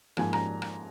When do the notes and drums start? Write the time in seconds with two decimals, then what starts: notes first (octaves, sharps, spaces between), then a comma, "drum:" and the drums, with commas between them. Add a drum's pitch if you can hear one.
0.17 G#2 F3 A#3 G#5, drum: rim click
0.33 A#5, drum: rim click
0.62 drum: rim click